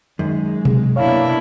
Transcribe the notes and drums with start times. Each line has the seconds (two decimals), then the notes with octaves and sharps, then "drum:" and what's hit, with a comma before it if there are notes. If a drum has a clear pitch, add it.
0.19 F#2 D#3 G#3
0.65 drum: tom B2
0.96 B2 A#3 D4 E4 C#5 F5